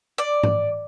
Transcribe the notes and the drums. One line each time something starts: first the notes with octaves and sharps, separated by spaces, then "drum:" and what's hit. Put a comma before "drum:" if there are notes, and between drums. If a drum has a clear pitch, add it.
D5
drum: tom